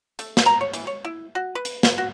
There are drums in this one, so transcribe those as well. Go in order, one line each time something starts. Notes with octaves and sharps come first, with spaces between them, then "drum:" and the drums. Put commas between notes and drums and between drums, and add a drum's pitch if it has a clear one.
A3, drum: hi-hat
drum: snare
A#5
C#5
E3, drum: hi-hat
C#5
E4
F#4
B4
drum: hi-hat
drum: snare
F#4